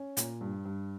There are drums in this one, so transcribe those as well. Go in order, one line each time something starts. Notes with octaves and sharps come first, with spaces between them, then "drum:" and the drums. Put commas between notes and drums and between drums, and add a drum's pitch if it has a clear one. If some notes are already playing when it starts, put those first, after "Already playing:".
Already playing: C#4
A#2, drum: hi-hat
G2
G2